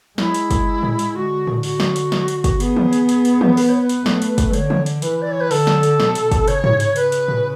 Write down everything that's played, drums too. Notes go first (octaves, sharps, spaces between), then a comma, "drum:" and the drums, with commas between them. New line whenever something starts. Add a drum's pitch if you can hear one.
G#3 E4, drum: snare
drum: hi-hat
drum: kick, hi-hat
drum: tom A2
drum: hi-hat
D3 F#4
drum: tom A2
F#4, drum: open hi-hat
drum: snare
drum: hi-hat
drum: snare
drum: hi-hat
drum: kick, hi-hat
B3 G#4, drum: hi-hat
drum: tom E3
drum: hi-hat
drum: hi-hat
drum: hi-hat
drum: tom E3
B4, drum: open hi-hat
C#5
B4
drum: hi-hat
A3, drum: snare
drum: hi-hat
drum: kick, hi-hat
D3 C#5, drum: hi-hat
drum: tom E3
drum: hi-hat
E3 B4, drum: hi-hat
D5
C#5
B4
D3 A4, drum: open hi-hat
drum: snare
drum: hi-hat
B2, drum: snare
drum: hi-hat
drum: kick, hi-hat
C#3 C#5, drum: hi-hat
drum: tom G#2
drum: hi-hat
C#3 B4, drum: hi-hat
drum: hi-hat
drum: tom A2